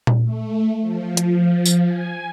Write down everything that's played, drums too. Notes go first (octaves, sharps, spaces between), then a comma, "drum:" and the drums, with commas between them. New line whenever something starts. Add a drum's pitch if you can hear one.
drum: tom A#2
A3
F3
drum: hi-hat
drum: tambourine
G#5